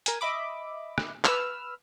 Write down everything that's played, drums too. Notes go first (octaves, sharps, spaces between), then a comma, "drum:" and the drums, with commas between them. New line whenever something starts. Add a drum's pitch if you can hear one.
A#4 G#5, drum: hi-hat
D#5 E5 B5 D6
drum: rim click
B4 E6 F6, drum: clap